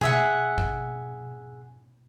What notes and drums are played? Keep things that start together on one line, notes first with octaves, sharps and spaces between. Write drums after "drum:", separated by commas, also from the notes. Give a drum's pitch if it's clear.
G#4 E5 F#5, drum: tom B2
drum: kick